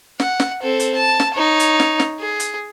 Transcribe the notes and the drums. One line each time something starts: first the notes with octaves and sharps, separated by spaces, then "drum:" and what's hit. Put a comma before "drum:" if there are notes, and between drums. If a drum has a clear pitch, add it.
F#5, drum: snare
drum: snare
C4 A4
drum: hi-hat
A5
drum: snare
D#4 C#5
drum: hi-hat
drum: snare
drum: snare
G#4
drum: hi-hat